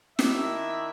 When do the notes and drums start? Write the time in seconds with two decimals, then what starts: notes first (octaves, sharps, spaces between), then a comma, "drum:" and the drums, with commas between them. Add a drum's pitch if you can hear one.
0.19 D#3 D4 E4 E5, drum: snare